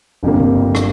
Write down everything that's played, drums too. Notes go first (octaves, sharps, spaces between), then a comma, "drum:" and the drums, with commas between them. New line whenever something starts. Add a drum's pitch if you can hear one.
G1 F2 D3 G3 A#3
drum: tom C#3
drum: rim click